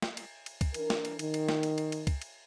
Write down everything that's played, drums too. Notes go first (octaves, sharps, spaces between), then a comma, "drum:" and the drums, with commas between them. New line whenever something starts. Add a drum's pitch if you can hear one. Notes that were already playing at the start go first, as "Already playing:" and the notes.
drum: snare
drum: cymbal
drum: cymbal
drum: kick, cymbal
E3 D4 A#4, drum: cymbal
drum: snare
drum: cymbal
D#3, drum: cymbal
drum: cymbal
drum: snare
drum: cymbal
drum: cymbal
drum: cymbal
drum: kick, cymbal
drum: cymbal